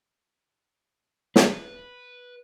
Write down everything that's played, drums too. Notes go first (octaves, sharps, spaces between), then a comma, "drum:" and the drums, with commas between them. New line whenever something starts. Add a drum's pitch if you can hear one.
B4, drum: snare